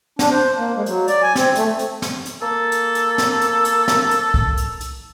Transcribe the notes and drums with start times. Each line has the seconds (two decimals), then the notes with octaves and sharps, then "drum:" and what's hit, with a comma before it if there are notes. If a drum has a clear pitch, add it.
0.19 D4, drum: snare
0.31 C5
0.57 A#3
0.75 G#3
0.86 F#3, drum: hi-hat
1.08 D5, drum: hi-hat
1.22 G#5
1.36 C4, drum: snare
1.55 A3, drum: hi-hat
1.79 drum: hi-hat
2.02 drum: snare
2.25 drum: hi-hat
2.42 A#3 A4
2.72 drum: hi-hat
2.95 drum: hi-hat
3.18 drum: snare
3.41 drum: hi-hat
3.65 drum: hi-hat
3.88 drum: snare
4.11 drum: hi-hat
4.34 drum: kick
4.57 drum: hi-hat
4.81 drum: hi-hat